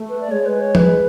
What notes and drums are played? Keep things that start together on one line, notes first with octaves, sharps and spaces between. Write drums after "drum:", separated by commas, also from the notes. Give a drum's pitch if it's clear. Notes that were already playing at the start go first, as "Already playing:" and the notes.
Already playing: A3
B4
D5
G#3 C#5
B4
C#5
B4, drum: tom F3